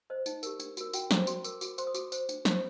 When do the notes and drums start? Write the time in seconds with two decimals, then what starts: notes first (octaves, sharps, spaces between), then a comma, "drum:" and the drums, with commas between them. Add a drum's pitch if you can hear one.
0.10 C5 D#5
0.26 D#4, drum: tambourine
0.43 G4 A#4, drum: tambourine
0.60 D4, drum: tambourine
0.77 F#4 A#4, drum: tambourine
0.93 F#4 G5, drum: tambourine
1.11 A4 C5 A#5, drum: snare
1.27 F#4 C6, drum: tambourine
1.44 A#4 D6, drum: tambourine
1.61 F#4 D6, drum: tambourine
1.78 C5 C6, drum: tambourine
1.87 D#6
1.95 F#4 D6, drum: tambourine
2.12 C5, drum: tambourine
2.29 D4, drum: tambourine
2.45 A4 C5, drum: snare